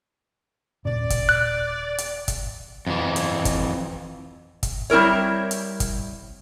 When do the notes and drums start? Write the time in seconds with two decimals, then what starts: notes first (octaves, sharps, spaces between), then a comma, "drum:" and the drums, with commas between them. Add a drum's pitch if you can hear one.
0.85 D#1 A#2 C#3 D5
1.10 drum: kick, hi-hat
1.29 F#6
1.98 drum: hi-hat
2.28 drum: kick, hi-hat
2.87 F2 E3
3.16 drum: hi-hat
3.45 drum: kick, hi-hat
4.63 drum: kick, hi-hat
4.90 G3 C4 E4 A#4 C#5
5.51 drum: hi-hat
5.80 drum: kick, hi-hat